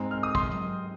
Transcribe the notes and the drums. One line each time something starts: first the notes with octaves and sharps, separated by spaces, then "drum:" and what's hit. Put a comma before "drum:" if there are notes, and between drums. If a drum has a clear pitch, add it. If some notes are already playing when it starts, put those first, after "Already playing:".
Already playing: G#2 G#3 C4 A#5
F6
D#6
C6, drum: kick
drum: tom F#3